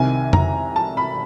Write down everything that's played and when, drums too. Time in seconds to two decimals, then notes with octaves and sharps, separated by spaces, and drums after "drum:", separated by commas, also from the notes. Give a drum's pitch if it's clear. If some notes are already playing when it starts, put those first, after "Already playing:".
Already playing: C2 C3 D#3 G#5
0.33 A#5, drum: tom F2
0.76 A5
0.97 B5